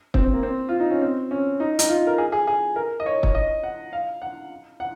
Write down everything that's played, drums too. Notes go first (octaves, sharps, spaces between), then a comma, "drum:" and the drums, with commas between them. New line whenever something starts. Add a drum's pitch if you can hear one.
C4, drum: kick
C4
A#3
C4
F4
D#4
C#4
C4
C#4
D#4
D#4, drum: hi-hat
F4
A#4
G#4
G#4
G#4
A#4
D#5
C#5
C#5, drum: kick
D#5
F#5
F5
F#5
F#5